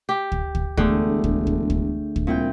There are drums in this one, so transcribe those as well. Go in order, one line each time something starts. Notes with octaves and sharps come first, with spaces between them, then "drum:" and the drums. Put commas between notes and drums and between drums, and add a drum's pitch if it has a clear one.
G4
drum: kick
drum: kick
E1 D3 A3 G4 G#4, drum: kick
drum: kick
drum: kick
drum: kick
drum: kick
C2 A#2 E4 G5